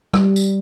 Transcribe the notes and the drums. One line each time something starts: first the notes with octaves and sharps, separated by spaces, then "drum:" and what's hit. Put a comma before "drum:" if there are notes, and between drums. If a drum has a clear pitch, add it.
G3, drum: rim click
drum: tambourine